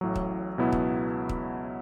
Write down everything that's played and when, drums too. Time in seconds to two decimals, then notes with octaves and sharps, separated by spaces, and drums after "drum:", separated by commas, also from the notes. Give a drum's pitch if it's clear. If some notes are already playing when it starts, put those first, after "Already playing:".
0.01 A1 A2 F#3
0.16 drum: kick
0.58 C#2 B2 F#3 B3 E4
0.72 drum: kick
1.29 drum: kick